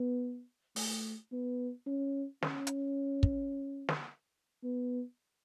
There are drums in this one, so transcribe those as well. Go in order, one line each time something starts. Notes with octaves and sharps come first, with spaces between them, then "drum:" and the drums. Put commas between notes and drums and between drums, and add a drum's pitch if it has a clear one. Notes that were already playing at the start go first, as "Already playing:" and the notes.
Already playing: B3
A3, drum: open hi-hat
B3
C#4
C#4, drum: snare
drum: hi-hat
drum: kick
drum: snare
B3